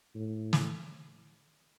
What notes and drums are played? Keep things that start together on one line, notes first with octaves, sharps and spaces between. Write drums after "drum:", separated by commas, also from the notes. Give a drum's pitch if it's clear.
A2
drum: snare